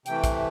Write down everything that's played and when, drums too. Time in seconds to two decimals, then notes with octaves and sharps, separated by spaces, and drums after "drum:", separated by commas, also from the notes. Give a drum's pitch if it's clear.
0.06 C3 E3 A3 G5, drum: hi-hat
0.24 drum: kick, hi-hat